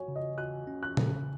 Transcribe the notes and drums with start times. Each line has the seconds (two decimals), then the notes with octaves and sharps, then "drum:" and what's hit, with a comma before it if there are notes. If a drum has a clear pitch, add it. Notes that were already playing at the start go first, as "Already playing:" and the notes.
Already playing: F#4 C#5 G#5
0.08 C#3
0.16 D#5
0.38 F#4 F#6
0.67 C#4
0.83 F#6
0.97 C#3, drum: tom A#2